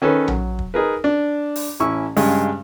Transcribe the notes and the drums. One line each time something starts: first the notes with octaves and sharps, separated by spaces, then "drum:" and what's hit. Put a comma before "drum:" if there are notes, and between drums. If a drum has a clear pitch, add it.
D#3 C#4 A4 B4
F#3, drum: tom A#1
drum: kick
D#4 G#4 A#4 B4
D4
drum: open hi-hat
A1 C#4 E4 C#6 E6
G2 C#3 G#3, drum: open hi-hat